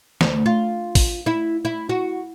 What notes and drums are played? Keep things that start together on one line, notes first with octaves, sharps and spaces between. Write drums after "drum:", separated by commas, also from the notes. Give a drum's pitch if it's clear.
D2, drum: snare
F4
drum: kick, open hi-hat
E4
E4
F#4